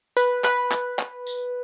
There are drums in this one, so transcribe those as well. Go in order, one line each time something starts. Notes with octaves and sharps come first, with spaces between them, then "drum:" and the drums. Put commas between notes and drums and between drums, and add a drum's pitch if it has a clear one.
B4, drum: tambourine
B4, drum: clap
drum: clap
drum: clap
drum: tambourine